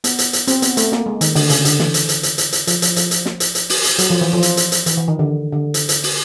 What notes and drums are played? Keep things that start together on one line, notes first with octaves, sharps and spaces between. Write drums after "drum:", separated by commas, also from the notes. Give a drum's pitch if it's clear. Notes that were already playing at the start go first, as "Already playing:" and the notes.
B3, drum: hi-hat
drum: hi-hat
drum: hi-hat
C4, drum: hi-hat
B3, drum: hi-hat
A3, drum: hi-hat
A#3, drum: snare
G#3
D#3, drum: hi-hat
D3, drum: open hi-hat
C#3, drum: hi-hat
D3, drum: hi-hat
E3, drum: snare
drum: hi-hat
drum: hi-hat
drum: hi-hat
drum: hi-hat
drum: hi-hat
F3, drum: hi-hat
F3, drum: hi-hat
F3, drum: hi-hat
drum: hi-hat
drum: snare
drum: hi-hat
drum: hi-hat
drum: open hi-hat
drum: hi-hat
F#3, drum: hi-hat
F3
E3
F3
drum: hi-hat
drum: hi-hat
drum: hi-hat
E3, drum: hi-hat
E3
D#3
D3
D3
drum: hi-hat
drum: hi-hat
drum: open hi-hat